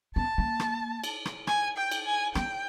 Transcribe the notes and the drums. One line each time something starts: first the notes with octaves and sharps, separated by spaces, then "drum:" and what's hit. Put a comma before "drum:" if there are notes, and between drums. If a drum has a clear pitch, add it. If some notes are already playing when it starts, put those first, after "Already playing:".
B3 A5
A#3
drum: rim click
drum: cymbal
drum: rim click
G#5, drum: rim click
G5
drum: cymbal
G#5
B3 G5, drum: rim click